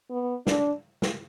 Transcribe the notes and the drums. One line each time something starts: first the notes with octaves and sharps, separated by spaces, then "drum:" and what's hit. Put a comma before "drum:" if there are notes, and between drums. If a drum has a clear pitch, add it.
B3
D4, drum: snare
drum: snare